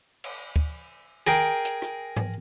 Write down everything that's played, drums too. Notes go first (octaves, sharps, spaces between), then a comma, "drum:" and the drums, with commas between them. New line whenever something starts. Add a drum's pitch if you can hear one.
drum: cymbal
drum: kick D2
G#4 A#4 G5
drum: hi-hat
drum: rim click
drum: tom G#2